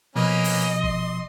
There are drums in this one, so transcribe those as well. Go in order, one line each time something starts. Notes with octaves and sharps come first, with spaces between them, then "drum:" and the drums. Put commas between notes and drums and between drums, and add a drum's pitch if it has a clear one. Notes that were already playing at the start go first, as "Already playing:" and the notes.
B2 F3 A#3 C#4 B4 D#5
drum: open hi-hat
C6, drum: kick